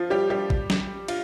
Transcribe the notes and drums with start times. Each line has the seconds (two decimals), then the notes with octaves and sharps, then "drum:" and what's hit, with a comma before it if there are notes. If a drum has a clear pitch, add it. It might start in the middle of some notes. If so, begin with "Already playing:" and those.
Already playing: F3 F4
0.10 G3 G4
0.30 G3 G4
0.50 drum: kick
0.70 drum: snare
1.08 F4, drum: cymbal